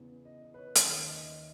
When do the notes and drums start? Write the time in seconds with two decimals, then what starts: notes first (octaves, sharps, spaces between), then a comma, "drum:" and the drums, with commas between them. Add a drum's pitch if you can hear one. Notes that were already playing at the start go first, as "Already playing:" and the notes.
Already playing: E2 C#3 E3 B3
0.25 D#5
0.43 D#5
0.54 B4
0.58 C#5
0.76 D#2 D#3 A#3 C#4, drum: hi-hat
0.91 C#5
1.08 D#5
1.24 E5